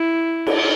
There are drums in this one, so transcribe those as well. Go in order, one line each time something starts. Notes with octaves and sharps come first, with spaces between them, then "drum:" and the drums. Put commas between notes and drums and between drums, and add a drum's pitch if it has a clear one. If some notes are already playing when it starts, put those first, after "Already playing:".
Already playing: E4
drum: cymbal